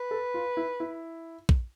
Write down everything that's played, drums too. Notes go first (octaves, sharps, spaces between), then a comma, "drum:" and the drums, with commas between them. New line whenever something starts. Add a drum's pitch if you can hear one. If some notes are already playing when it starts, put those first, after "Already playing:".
Already playing: B4
A4
F4
E4
E4
drum: kick